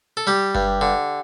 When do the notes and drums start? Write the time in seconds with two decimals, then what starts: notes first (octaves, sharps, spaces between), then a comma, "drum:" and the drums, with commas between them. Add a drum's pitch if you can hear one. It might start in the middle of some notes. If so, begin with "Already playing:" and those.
0.17 A4
0.27 G3 G4
0.55 G2, drum: kick F#1
0.81 D3